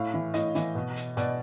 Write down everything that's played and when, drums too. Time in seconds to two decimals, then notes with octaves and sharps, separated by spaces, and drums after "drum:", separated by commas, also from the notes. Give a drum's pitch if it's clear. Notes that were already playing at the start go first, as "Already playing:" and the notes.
Already playing: A2 F5
0.14 E3
0.34 A2 D#5, drum: hi-hat
0.55 E3, drum: hi-hat
0.75 B2
0.96 drum: hi-hat
1.17 B2 D5, drum: hi-hat